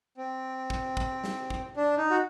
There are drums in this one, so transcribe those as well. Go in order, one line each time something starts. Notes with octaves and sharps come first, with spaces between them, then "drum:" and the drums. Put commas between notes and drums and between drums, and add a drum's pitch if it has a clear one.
C4
drum: kick
drum: kick
drum: snare
drum: kick
D4
D#4
F#4